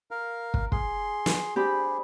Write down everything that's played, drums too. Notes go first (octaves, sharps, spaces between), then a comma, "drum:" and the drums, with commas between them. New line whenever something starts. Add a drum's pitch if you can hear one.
A#4 F5
drum: kick
G#4 C6, drum: kick
drum: snare
C4 D4 G4 G#4 B5